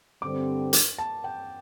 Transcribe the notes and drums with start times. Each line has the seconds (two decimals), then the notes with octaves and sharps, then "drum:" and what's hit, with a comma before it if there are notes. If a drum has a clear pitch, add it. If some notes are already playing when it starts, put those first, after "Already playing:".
0.22 G2 D3 G3 C4 D6
0.73 drum: hi-hat
0.98 A5
1.24 G5